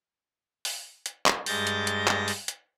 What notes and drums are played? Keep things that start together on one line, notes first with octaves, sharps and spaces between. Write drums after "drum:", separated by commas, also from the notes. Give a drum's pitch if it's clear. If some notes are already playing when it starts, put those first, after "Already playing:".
drum: open hi-hat
drum: hi-hat
drum: clap
G2 G#3 G6 A6 A#6, drum: open hi-hat
drum: hi-hat
drum: hi-hat
drum: clap
drum: open hi-hat
drum: hi-hat